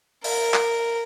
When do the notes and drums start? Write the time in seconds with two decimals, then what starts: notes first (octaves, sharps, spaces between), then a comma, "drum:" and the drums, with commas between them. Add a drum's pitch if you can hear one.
0.24 A#4, drum: open hi-hat
0.54 drum: clap